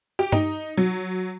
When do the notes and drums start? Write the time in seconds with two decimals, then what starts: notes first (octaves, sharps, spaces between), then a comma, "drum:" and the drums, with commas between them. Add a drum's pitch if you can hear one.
0.19 G4
0.32 D#4, drum: tom
0.77 F#3